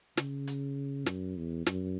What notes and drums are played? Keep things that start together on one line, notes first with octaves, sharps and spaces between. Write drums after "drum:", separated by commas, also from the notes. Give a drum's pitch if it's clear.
C#3, drum: snare
drum: hi-hat
F#2, drum: snare
E2
F#2, drum: snare